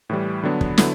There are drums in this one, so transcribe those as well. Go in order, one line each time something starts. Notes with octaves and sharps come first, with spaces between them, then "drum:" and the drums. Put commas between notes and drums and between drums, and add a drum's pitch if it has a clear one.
A2 E3 G3
D3 F#3 B3 D4
drum: kick
D3 F#3 B3 E4, drum: snare